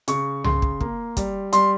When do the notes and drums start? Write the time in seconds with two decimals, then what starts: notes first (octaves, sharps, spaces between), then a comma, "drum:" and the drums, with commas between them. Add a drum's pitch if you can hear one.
0.08 C#3 C#6, drum: hi-hat
0.44 C#3 C6, drum: tom C2
0.62 drum: kick
0.80 A#3, drum: kick
1.17 G3, drum: kick, hi-hat
1.53 G3 C6, drum: hi-hat